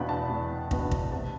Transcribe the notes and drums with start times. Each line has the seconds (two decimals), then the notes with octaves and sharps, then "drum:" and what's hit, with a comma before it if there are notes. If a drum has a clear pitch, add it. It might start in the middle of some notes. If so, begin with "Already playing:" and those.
Already playing: E2 B2 B3 D4 F5 G5 B5
0.09 A5
0.30 E2
0.71 B2 B3 D4, drum: kick
0.91 drum: kick
1.12 C3 A5